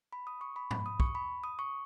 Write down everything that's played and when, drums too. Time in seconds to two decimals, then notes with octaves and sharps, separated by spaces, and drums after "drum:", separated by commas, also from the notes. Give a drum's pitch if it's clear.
0.13 B5
0.27 D#6
0.41 C#6
0.56 B5
0.71 B5, drum: tom G#2
0.86 D#6
1.00 C#6, drum: kick
1.15 B5
1.44 D#6
1.59 C#6